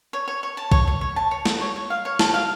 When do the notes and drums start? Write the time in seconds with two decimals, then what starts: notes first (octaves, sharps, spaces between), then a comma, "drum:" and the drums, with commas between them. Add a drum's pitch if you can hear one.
0.13 C#5
0.28 C#5
0.43 C#5
0.57 A5
0.72 C#5, drum: kick B1
0.87 C#5
1.01 C#5
1.16 A5
1.31 C#5
1.46 A5, drum: snare
1.61 C#5
1.76 C#5
1.90 F5
2.05 C#5
2.19 A5, drum: snare
2.34 F5